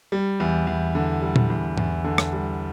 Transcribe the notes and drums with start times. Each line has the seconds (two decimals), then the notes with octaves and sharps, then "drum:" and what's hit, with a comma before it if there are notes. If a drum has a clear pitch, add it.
0.12 G3
0.40 E2
0.67 E2
0.95 D3
1.22 G3
1.36 drum: tom A#2
1.50 E2
1.78 E2, drum: tom G#2
2.04 D3
2.18 drum: rim click
2.33 G3